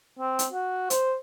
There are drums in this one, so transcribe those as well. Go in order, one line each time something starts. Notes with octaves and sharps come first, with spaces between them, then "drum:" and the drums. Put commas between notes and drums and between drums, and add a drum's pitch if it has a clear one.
C4
drum: hi-hat
F#4
C5, drum: hi-hat